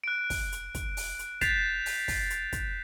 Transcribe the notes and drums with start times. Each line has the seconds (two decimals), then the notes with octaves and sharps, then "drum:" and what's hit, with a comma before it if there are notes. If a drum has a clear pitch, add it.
0.04 F#6 D7
0.30 drum: kick, open hi-hat
0.52 drum: hi-hat
0.75 drum: kick, hi-hat
0.97 drum: open hi-hat
1.19 drum: hi-hat
1.41 G6 A6 B6 C7 E7 F7, drum: kick, hi-hat
1.86 drum: open hi-hat
2.08 drum: kick, open hi-hat
2.30 drum: hi-hat
2.52 drum: kick, hi-hat